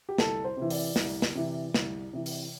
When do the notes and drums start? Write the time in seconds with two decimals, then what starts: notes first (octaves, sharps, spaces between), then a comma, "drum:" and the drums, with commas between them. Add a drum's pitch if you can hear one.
0.09 G4
0.18 C2 A4, drum: snare
0.44 C5
0.57 C3 E3
0.70 D5, drum: open hi-hat
0.96 C2, drum: snare
1.22 drum: snare
1.35 C3 E3
1.74 C2, drum: snare
2.13 C3 E3
2.26 drum: open hi-hat